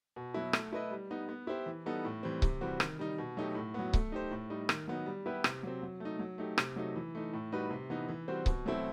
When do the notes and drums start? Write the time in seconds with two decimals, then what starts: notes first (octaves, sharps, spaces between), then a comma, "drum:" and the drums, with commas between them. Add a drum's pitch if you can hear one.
0.16 B2
0.34 F#3 B3 E4
0.53 A3, drum: rim click
0.73 E4 B4 D#5
0.91 G3
1.11 B3 D#4
1.29 B3
1.47 E4 G4 C5
1.66 E3
1.86 G3 B3 D#4 A4
2.05 A2
2.23 E3 G3 C4
2.42 C3, drum: kick C#1
2.61 E3 G3 C4 F#4
2.80 D#3, drum: rim click
2.99 G3 D#4
3.18 B2
3.37 F#3 A3 D#4 G4
3.55 A2
3.74 F#3 B3
3.93 A3, drum: kick C#1
4.12 D#4 G4 C5
4.31 A2
4.50 G3 D#4
4.69 D#3, drum: rim click
4.88 F#3 B3 D#4
5.06 G3
5.26 B3 E4 G4 B4
5.44 C3, drum: rim click
5.63 F#3 C4
5.82 F#3
6.00 A3 D#4
6.19 F#3
6.38 A3 D#4 G4
6.58 C3, drum: rim click
6.76 F#3 A3 D#4
6.96 E3
7.15 A3 D#4
7.33 A2
7.52 G3 D#4 F#4 B4
7.71 C3
7.90 E3 B3 D#4
8.09 E3
8.28 G3 C4 F#4 C5
8.46 B2, drum: kick C#1
8.66 F#3 A3 C4 E4